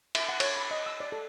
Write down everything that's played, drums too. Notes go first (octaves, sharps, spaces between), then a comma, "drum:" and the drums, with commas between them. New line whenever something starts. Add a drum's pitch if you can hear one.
E5, drum: cymbal
F#5
C#5, drum: cymbal
B5
D#5
E6
D5
A4